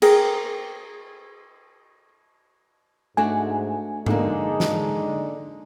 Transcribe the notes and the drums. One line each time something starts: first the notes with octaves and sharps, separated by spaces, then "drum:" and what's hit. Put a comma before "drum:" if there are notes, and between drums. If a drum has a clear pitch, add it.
G#4 A#4 G5, drum: cymbal
G#2 A3 D4 F#4 G#5
D3 G#3 A#3 D4 D#4, drum: tom G#2
drum: snare